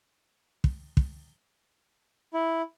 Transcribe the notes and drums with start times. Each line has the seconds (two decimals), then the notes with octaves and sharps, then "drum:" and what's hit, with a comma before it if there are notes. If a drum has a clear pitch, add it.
0.64 drum: kick
0.97 drum: kick
2.34 E4